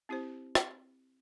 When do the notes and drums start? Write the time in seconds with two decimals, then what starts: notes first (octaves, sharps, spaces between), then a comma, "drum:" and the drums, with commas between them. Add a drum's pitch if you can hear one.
0.09 C4 E4 G4 C5
0.55 drum: rim click